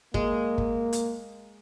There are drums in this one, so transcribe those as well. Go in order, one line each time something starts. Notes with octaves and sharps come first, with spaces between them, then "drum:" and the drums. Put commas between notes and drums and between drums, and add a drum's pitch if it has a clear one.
G#3 A#3, drum: kick
drum: kick
drum: hi-hat